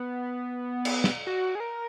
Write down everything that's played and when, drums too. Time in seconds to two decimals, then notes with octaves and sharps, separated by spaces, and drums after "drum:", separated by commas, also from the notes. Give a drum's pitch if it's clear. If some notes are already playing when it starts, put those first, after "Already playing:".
Already playing: B3
0.85 drum: cymbal
1.04 drum: snare
1.27 F#4
1.55 G#4
1.60 A#4